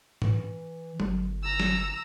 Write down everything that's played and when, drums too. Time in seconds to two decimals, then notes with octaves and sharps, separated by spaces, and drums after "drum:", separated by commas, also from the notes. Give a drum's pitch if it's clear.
0.22 E3, drum: tom
1.00 G1, drum: tom F#3
1.43 A#5 E6
1.60 drum: snare